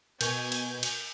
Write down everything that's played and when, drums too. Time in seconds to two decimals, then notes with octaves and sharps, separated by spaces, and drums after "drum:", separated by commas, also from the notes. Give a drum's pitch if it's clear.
0.21 B2 A#4 G#5 C#6 G6, drum: cymbal
0.52 drum: cymbal
0.83 drum: cymbal